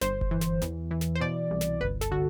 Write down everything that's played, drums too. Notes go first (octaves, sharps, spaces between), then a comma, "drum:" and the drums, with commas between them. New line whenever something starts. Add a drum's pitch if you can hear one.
G1 C5, drum: snare
drum: kick F#1
E3
drum: snare
E2, drum: snare
E3
drum: snare
C5
B2 D5
C2
drum: snare
G1 B4, drum: kick F#1
A4, drum: snare
D3 F#4